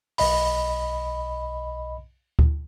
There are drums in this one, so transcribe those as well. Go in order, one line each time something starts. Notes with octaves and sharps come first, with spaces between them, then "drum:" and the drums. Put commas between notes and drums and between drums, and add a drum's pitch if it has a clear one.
B1 D#5 B5, drum: open hi-hat
drum: kick D2